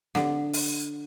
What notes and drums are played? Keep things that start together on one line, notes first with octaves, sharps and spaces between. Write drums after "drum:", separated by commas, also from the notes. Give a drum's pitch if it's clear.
D3, drum: snare
drum: open hi-hat